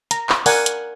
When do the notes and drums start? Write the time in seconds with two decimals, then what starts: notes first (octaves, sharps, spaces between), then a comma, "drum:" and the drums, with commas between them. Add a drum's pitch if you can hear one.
0.11 A#5, drum: hi-hat
0.29 drum: clap
0.46 A#4 D5 F#5 G#5, drum: open hi-hat
0.66 drum: hi-hat